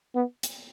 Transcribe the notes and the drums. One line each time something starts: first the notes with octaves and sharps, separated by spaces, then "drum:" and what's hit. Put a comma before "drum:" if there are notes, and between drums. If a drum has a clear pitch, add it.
B3
drum: hi-hat